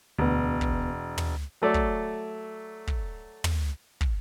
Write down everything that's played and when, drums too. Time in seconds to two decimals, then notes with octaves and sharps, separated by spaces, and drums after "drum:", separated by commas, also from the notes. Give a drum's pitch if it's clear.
0.19 E1 D2 B3
0.61 drum: kick
1.18 drum: tom
1.62 F#3 A3 D5
1.74 drum: kick
2.87 drum: kick
3.44 drum: tom
4.01 drum: kick